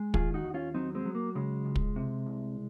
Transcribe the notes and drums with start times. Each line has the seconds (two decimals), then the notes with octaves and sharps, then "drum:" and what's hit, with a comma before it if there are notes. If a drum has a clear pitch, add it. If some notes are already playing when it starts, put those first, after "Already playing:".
Already playing: G#3
0.14 D#3 F4 G#4, drum: kick
0.34 D#4 F#4
0.44 D#2
0.54 C#4 F4
0.74 F#3 C4 D#4
0.95 G#3 C4
1.06 F#3
1.15 A#3
1.35 C#3 G#3
1.65 C#2
1.76 drum: kick
1.96 C3
2.26 C2